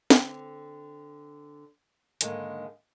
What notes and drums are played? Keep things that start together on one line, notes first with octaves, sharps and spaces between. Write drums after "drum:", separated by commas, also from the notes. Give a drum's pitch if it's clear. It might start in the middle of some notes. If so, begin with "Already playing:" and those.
D3 C4, drum: snare
G#2 D3 D#3 G3 G#3 A#3, drum: hi-hat